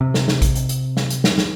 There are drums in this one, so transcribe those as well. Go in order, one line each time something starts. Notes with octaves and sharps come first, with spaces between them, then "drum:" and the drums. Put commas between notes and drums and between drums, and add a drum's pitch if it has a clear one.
C3
drum: snare
drum: snare
drum: kick A1, hi-hat
drum: hi-hat
drum: hi-hat
drum: snare
drum: hi-hat
drum: snare
drum: snare